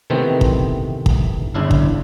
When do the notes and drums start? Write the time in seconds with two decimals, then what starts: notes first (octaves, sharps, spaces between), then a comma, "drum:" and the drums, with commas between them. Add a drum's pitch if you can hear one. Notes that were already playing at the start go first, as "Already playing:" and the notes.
0.10 C3 D#3 E3 A3 B3 C4
0.41 drum: kick
1.06 drum: kick
1.54 G1 C#3 D4 E4 F5
1.71 drum: kick